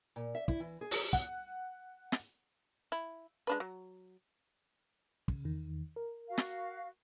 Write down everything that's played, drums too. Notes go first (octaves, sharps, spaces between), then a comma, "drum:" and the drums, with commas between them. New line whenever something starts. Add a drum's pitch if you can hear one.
A#2
E5
E4, drum: kick
E3
G#4
drum: open hi-hat
F#5, drum: kick
drum: snare
E4
G#3 D4 B4
F#3
C#3, drum: kick
E2 D#3
A#4
F#4 F5
drum: snare